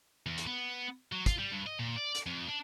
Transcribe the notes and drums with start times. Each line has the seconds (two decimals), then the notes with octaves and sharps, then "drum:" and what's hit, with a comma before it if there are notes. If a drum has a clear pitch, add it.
0.26 E2
0.38 drum: hi-hat
0.47 B3
1.12 F#3
1.26 F4, drum: kick, hi-hat
1.38 G3
1.51 G2
1.67 D#5
1.79 A#2
1.96 D5
2.15 drum: hi-hat
2.27 F2
2.47 D4